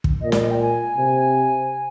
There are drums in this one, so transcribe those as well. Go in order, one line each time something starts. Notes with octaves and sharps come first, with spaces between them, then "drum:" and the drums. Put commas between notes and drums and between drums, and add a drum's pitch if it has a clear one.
drum: kick
A#2 D#5
D5, drum: snare
D#5
G5
G#5
C3